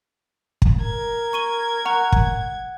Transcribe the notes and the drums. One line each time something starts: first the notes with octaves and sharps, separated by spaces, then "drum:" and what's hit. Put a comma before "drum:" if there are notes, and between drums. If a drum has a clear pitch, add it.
drum: kick
A#4 G#6
C#6 D#7 G7
F#5 A#5 C#6
drum: kick